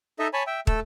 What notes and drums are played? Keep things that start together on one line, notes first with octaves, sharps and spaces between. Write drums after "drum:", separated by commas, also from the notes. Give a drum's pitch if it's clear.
D#4 A4 D#5 E5
C#5 G#5 A5 B5
E5 G5
A3 A4 E6, drum: kick